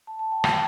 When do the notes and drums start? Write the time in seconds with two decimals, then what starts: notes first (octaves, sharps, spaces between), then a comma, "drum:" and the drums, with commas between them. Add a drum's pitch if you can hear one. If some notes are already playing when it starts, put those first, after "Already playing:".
0.07 A5
0.19 A5
0.32 G5
0.44 G5, drum: rim click